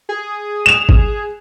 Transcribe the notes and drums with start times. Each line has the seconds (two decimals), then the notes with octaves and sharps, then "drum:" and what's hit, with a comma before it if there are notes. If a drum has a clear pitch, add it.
0.09 G#4
0.66 E7 F7
0.89 drum: kick G#1